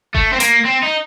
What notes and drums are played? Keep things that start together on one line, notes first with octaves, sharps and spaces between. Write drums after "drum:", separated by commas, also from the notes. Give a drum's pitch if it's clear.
A3, drum: kick F#1
C4
A#3, drum: hi-hat
C4
D#4